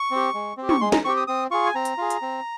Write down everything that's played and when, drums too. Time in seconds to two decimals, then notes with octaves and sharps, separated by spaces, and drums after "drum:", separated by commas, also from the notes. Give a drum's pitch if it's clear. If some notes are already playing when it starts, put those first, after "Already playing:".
Already playing: C#6
0.11 C4 G4
0.34 G#3
0.57 C4
0.62 G4
0.69 C#6, drum: tom
0.81 G#3 C6
0.92 A#5, drum: snare
1.05 C4 G4 C#6
1.17 D#6
1.27 C4 D#6
1.51 F4 G#4 C#6
1.66 G#5
1.75 C4 A#5
1.85 drum: hi-hat
1.98 F4 G#4
2.10 drum: hi-hat
2.22 C4